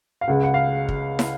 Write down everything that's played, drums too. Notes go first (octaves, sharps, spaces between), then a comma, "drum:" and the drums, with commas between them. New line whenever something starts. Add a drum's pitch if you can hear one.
F5
C#2 C#3 F#5
F#5
F5
drum: kick
drum: snare